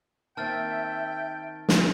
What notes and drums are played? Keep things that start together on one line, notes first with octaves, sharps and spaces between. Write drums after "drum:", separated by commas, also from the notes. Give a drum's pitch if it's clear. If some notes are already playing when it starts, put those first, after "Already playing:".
D#3 A#3 C4 E5 G5 A5 F6 A6
drum: snare